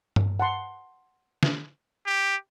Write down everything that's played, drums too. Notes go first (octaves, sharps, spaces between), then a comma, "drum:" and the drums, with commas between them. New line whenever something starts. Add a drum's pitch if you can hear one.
drum: tom G2
F#5 A5 C6
drum: snare
G4